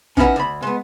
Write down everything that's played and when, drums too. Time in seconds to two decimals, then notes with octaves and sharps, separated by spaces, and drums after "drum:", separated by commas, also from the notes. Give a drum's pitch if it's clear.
0.17 C#4 D#4 E4 G#4 B4 F#5, drum: kick
0.36 D2 B5
0.62 G#3 B3